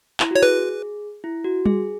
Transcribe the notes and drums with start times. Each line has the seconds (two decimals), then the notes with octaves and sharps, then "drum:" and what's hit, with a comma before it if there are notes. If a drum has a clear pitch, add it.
0.20 E4, drum: clap
0.31 F#4 C#5
0.42 G#4 B4
1.24 E4
1.44 F#4
1.66 G#4, drum: tom G3